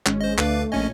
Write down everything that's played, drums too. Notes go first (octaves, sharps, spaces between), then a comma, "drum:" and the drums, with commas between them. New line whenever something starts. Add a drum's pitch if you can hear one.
G#1 G#3 C#4, drum: clap
C5 D#5
D2 A3 D4 B4 D5 F5, drum: clap
A#1 A#2 C#4 C#5 D#5 G#5